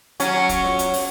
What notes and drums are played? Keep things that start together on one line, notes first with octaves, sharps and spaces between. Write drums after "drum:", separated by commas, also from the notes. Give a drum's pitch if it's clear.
F#3 C#4, drum: hi-hat
drum: kick, hi-hat
drum: snare F4
drum: hi-hat
drum: open hi-hat